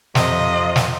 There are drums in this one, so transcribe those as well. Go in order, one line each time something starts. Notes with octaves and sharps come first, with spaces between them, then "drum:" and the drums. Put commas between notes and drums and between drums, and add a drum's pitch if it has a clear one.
F2 C3 F4 D#5, drum: snare
drum: snare